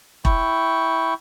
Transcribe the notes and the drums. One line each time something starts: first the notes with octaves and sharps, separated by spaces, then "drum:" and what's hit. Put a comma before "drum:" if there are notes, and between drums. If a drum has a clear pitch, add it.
E4 G5 C#6, drum: kick E1